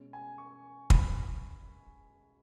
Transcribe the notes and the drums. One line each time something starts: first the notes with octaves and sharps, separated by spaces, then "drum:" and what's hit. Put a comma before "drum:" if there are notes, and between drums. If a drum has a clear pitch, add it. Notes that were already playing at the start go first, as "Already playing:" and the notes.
Already playing: B2 G#3 C#4
G#5
C#6
B5, drum: kick